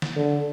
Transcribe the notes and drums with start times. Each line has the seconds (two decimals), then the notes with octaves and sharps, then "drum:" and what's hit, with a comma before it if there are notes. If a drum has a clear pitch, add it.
0.02 drum: snare
0.16 D3